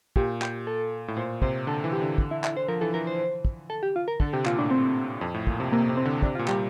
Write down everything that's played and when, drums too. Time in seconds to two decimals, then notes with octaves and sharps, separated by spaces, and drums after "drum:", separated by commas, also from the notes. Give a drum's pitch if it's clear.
0.16 A#2 G4, drum: kick
0.42 G4, drum: clap
0.67 A4
1.08 A2
1.17 A#2 C5
1.42 C3 C5, drum: kick
1.67 D3 A4
1.84 E3
1.93 G4
2.02 D3
2.18 drum: kick
2.31 E4
2.44 E4, drum: clap
2.57 C5
2.68 F3 A#4
2.81 E3 A4
2.94 E3 A#4
3.07 C5
3.45 drum: kick
3.70 A4
3.83 G4
3.96 F4
4.08 A#4
4.20 D3 A4, drum: kick
4.33 C3 G4
4.46 A#2 F4, drum: clap
4.59 A2 D4
4.71 C4
5.21 F2
5.34 A2
5.47 A#2, drum: kick
5.60 C3
5.72 C3 A#3
5.89 C3
5.97 C4
6.05 D3
6.22 C3 D4, drum: kick
6.35 F4
6.39 A#2
6.48 G3 G4, drum: clap